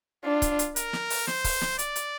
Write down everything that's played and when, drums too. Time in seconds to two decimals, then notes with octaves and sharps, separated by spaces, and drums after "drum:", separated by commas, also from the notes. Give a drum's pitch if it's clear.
0.24 D4 F4
0.42 drum: kick C#1, hi-hat
0.59 drum: hi-hat
0.76 A#4, drum: hi-hat
0.93 drum: snare
1.10 drum: open hi-hat
1.27 C5, drum: snare
1.44 drum: kick C#1, open hi-hat
1.61 drum: snare
1.79 D5, drum: hi-hat
1.96 drum: hi-hat